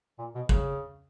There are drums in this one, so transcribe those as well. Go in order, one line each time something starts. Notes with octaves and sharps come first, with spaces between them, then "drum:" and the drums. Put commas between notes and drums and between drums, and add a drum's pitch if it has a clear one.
A#2
B2
C#3, drum: kick